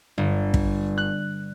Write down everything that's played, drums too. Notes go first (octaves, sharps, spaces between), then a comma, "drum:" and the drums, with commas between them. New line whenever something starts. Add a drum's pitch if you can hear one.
G1
drum: kick
F#6